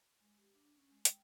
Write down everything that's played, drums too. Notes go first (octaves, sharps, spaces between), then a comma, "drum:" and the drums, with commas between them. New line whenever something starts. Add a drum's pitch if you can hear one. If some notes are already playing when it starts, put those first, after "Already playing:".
G#3
G4
D4
C#4
G#3
G5, drum: hi-hat